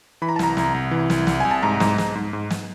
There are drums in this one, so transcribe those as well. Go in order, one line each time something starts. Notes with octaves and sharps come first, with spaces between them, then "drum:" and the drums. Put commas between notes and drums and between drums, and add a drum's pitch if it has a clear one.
E3 B5
A#5
A5
C2 A#5, drum: snare
C2, drum: snare
C2
E3
C2, drum: snare
C2, drum: snare
C2 G#5
A5
G#2 A#5
G#2, drum: snare
G#2, drum: snare
G#2
G#2
drum: snare